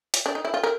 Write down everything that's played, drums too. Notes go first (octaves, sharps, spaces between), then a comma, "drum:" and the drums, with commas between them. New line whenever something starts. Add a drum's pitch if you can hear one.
drum: hi-hat
D4
D#4
E4
F4
A#4